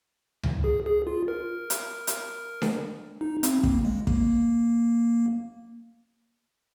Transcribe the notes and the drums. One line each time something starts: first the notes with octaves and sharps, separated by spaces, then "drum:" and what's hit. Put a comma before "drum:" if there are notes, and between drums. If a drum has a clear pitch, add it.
drum: tom C#2
G#4
G#4
F4
A#4
drum: hi-hat
drum: hi-hat
drum: snare D4
D#4
C4, drum: hi-hat
A#3, drum: kick
G#3
A#3, drum: kick